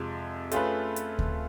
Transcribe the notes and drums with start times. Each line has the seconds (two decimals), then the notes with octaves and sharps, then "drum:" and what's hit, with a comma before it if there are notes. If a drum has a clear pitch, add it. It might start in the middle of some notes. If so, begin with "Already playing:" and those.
Already playing: F2 C3 F3 G#3
0.52 A3 C#4 F4 G#4 B4, drum: hi-hat
0.96 drum: hi-hat
1.19 drum: kick D2